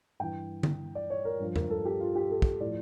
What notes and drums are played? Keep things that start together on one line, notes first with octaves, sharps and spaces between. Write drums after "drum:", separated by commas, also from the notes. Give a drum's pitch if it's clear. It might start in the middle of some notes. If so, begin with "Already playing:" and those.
G2 E3 G5
drum: tom D3
D5
C#5
A#4
G2 F3
A#4, drum: tom E2
A4
G4
F4
G4
A4
drum: kick
A2 F3 D5